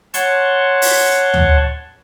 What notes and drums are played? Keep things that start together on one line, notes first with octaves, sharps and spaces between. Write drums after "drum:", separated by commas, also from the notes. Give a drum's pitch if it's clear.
C#5 F#5 A5 C6 C#6, drum: hi-hat
drum: open hi-hat
drum: tom D2